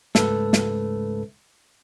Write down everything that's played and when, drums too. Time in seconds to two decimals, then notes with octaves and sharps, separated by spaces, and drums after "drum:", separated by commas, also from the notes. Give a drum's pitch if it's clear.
0.15 C#2 G#2 A3 A4 B4, drum: snare
0.53 drum: snare